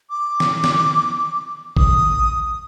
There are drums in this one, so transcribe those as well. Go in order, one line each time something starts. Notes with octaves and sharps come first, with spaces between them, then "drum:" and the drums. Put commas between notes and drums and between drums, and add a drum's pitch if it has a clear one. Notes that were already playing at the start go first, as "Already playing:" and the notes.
D6
drum: snare
drum: snare
D#6, drum: kick A1